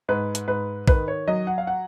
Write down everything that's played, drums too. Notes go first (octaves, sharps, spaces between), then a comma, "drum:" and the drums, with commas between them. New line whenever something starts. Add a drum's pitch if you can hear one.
G#2 B4
drum: hi-hat
G#2 B4
D#3 B4, drum: kick
C#5
F#3 D#5
F#5
F5
F#5